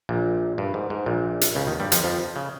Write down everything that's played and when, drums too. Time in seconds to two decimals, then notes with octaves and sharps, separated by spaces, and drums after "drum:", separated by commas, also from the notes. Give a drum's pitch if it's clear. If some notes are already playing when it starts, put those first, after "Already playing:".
0.09 A#1 A#2
0.58 G2
0.74 G#2
0.90 G#2
1.06 A#1 A#2
1.41 drum: hi-hat
1.55 C#2 C#3
1.67 D#2 D#3
1.80 G2 G3
1.92 F2 F3, drum: hi-hat
2.04 F2 F3
2.36 C#3